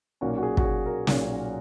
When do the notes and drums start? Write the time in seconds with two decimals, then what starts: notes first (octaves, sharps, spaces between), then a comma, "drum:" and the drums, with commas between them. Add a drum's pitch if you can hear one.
0.21 B1 A#2 A#3 C#4 F#4
0.37 F#4
0.43 G#4
0.57 F#4, drum: kick
0.65 G#4
0.86 A#4
1.07 B1 A#2 A#3 C#4, drum: snare